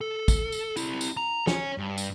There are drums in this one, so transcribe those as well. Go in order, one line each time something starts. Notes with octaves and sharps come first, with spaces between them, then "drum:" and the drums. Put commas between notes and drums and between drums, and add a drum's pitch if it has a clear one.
A4
drum: kick, tambourine
drum: tambourine
C4 E4, drum: tambourine
drum: tambourine
A#5
C#5 G#5, drum: snare
G2
drum: tambourine